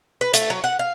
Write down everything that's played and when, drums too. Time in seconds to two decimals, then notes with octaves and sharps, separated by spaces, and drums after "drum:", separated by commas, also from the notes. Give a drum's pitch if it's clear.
0.21 B4
0.34 A3, drum: hi-hat
0.50 F#3
0.64 F#5
0.79 F5